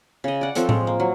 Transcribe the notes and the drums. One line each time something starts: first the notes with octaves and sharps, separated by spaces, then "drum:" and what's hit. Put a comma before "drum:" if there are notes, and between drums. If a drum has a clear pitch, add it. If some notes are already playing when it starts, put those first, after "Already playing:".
C#3 D#5
D5 F#5
F3 C4 A4 C#5, drum: hi-hat
G#3, drum: tom A2
A#3
F#3